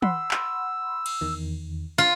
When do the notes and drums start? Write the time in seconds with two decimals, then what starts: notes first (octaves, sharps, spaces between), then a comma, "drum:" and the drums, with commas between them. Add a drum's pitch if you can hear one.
0.02 F#5 B5 C6 E6, drum: tom
0.31 drum: clap
1.06 drum: cymbal
1.21 E2 D#3
1.98 F4